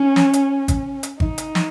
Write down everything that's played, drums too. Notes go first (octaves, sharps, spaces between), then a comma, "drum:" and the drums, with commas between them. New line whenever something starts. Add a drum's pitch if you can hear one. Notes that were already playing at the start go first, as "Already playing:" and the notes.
Already playing: C#4
drum: snare
drum: hi-hat
drum: kick G#1, hi-hat
drum: hi-hat
D#4, drum: kick G#1
drum: hi-hat
drum: snare